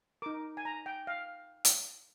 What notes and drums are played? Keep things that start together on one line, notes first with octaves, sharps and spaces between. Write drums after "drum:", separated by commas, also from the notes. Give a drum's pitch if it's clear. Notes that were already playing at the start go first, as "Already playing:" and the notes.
D#4 A#4 D6
G#5
A#5
G5
F5
drum: hi-hat